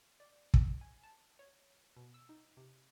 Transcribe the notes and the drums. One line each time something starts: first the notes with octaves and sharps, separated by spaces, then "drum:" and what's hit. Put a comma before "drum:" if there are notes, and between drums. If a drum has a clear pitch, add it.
D5
drum: kick
G#5
A5
C#5
B2
E6
D#4
C3